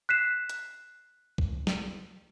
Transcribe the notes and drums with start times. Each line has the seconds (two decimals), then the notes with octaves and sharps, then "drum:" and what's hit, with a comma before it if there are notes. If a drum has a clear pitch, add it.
0.09 F#6 B6 C7 E7
0.49 drum: hi-hat
1.38 drum: kick B1
1.67 drum: snare